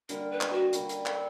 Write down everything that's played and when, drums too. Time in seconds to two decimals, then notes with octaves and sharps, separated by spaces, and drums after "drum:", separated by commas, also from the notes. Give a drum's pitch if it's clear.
0.09 D3 G3 A#3 A#4, drum: hi-hat
0.30 B4
0.41 drum: clap
0.52 F#4
0.73 D3 G3 A#3, drum: hi-hat
0.89 drum: hi-hat
1.06 A4, drum: clap